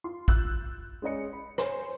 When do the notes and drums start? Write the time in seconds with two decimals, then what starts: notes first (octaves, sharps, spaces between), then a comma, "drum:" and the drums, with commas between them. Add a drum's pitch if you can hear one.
0.04 F4 C6
0.28 E6 F#6 G6 A6, drum: kick
1.02 G#3 C#4 G#4 D#5 C#7
1.33 B5
1.58 C5 C#5 G#5, drum: rim click